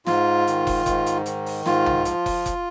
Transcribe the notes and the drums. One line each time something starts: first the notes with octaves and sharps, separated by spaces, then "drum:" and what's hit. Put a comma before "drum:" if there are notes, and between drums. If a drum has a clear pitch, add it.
G#2 F4, drum: snare
D#3, drum: hi-hat
drum: kick, open hi-hat
G#2, drum: kick, hi-hat
drum: hi-hat
D#3, drum: hi-hat
drum: open hi-hat
G#2 F4, drum: snare
drum: tom
F3, drum: hi-hat
drum: kick, open hi-hat
drum: kick, hi-hat